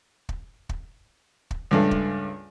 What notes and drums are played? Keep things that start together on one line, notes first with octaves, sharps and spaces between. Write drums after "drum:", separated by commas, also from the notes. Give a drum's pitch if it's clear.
drum: kick
drum: kick
drum: kick
C#2 G2 A3
drum: kick